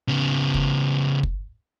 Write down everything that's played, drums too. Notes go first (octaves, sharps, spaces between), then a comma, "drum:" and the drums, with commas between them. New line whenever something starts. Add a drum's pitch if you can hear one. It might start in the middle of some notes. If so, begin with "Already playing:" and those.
C#3 B3
drum: kick
drum: kick